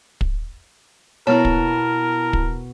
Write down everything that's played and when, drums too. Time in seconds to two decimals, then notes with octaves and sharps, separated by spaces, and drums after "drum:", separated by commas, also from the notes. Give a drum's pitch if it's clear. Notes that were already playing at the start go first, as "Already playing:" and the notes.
0.21 drum: kick
1.27 B2 B3 E4 A#4 C#5 A5 F6
1.45 drum: kick
2.33 drum: kick